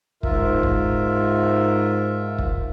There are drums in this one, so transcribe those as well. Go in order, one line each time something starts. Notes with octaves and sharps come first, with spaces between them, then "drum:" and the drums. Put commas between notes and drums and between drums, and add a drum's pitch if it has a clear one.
G#2 F4 A#4 E5, drum: kick
drum: kick
drum: kick